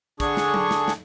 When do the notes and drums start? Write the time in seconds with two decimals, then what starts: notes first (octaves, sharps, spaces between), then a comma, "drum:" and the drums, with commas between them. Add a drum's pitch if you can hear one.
0.20 D3 D4 G#4 C#6, drum: kick, hi-hat
0.37 drum: snare
0.54 drum: tom F#3
0.71 drum: snare
0.88 drum: snare